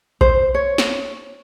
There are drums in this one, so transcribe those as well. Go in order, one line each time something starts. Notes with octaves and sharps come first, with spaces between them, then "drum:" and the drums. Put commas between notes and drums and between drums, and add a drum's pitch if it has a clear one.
C5, drum: kick A#1
C#5
drum: snare